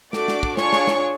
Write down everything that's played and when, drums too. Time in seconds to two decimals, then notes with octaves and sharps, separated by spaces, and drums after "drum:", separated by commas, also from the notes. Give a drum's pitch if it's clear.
0.13 A3 D4 F#4 A4 D5 D6, drum: snare
0.28 drum: snare
0.43 drum: kick
0.57 D4 F4 G#4 C#5 C#6, drum: snare
0.73 drum: snare
0.87 drum: snare